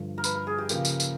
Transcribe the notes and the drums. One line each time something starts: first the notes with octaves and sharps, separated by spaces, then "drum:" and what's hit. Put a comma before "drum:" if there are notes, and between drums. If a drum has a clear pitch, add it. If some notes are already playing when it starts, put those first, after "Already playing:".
Already playing: G2 D3 F3
A#4
B4, drum: tambourine
A#4
G#4
G4
C#3 F3 A#3 G4, drum: tambourine
drum: tambourine
drum: tambourine